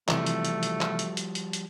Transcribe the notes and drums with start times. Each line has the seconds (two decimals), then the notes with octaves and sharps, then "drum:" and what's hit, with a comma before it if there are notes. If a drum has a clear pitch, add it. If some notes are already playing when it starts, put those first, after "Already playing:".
0.08 C3 E3 F3 G3 A3, drum: clap
0.26 drum: hi-hat
0.45 drum: hi-hat
0.63 drum: hi-hat
0.81 drum: clap
0.99 drum: hi-hat
1.17 drum: hi-hat
1.35 drum: hi-hat
1.53 drum: hi-hat